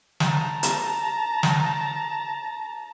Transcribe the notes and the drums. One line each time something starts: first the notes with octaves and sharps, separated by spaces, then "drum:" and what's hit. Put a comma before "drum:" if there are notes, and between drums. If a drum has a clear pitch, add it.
A5 A#5, drum: snare
drum: hi-hat
drum: snare